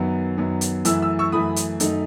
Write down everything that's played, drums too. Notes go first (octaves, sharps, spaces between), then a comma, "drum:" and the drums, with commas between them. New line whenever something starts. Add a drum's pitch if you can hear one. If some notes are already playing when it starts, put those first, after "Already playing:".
Already playing: F#2 D#3 F#3 B3
F#2 D#3 F#3 B3
drum: hi-hat
F#2 E3 A3 E4 E6, drum: hi-hat
E6
C#6 E6
F#2 E3 A3 E4 B5 D#6
drum: hi-hat
F#2 D#3 A3 D#4, drum: hi-hat